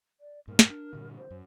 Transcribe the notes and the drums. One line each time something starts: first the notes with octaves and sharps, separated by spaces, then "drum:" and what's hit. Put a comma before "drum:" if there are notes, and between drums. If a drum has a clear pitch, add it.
D5
G2 A#2 A#4
drum: snare
D4
G2 A#2 D3
C5
F#2